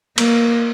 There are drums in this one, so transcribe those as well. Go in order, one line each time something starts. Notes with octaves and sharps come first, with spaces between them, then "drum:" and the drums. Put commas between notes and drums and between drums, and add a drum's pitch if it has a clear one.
A#3, drum: cymbal